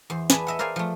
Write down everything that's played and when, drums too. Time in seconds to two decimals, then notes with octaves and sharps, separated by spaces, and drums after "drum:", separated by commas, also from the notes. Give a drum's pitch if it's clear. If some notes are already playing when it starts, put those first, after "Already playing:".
0.10 E2 C5
0.30 G#4 B4 D5 G#5 A5, drum: snare
0.47 D#5 E5 F#5
0.59 A#4 C5 D5 F5 G#5
0.76 F3 A3